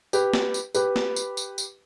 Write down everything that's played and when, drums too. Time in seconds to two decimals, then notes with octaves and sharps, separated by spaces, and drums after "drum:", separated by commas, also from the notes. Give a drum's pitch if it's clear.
0.13 G4 B4, drum: tambourine
0.34 drum: snare
0.54 drum: tambourine
0.75 G4 B4, drum: tambourine
0.96 drum: snare
1.16 drum: tambourine
1.37 drum: tambourine
1.58 drum: tambourine